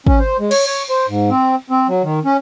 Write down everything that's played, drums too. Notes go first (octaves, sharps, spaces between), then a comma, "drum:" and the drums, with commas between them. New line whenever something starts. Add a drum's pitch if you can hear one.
C#4, drum: kick
C5
G#3
C#5, drum: cymbal
C#5
C5
G#2
C4
C4
F#3
D#3
C#4